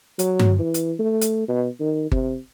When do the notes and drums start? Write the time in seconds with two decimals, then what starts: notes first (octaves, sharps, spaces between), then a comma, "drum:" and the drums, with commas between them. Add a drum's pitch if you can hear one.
0.19 F#3, drum: hi-hat
0.39 drum: tom G2
0.59 E3
0.74 drum: hi-hat
0.99 A3
1.21 drum: hi-hat
1.49 B2
1.80 D#3
2.12 C3, drum: kick G1